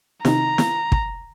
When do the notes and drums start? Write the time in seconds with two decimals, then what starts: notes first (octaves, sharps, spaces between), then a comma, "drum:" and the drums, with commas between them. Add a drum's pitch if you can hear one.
0.25 C3 D#3 A#5, drum: snare
0.58 drum: snare
0.92 drum: kick